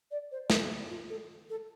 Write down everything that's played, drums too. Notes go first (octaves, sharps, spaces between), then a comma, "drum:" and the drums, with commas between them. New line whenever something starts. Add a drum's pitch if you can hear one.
D5
C5
A#4, drum: snare
F4
A4
A4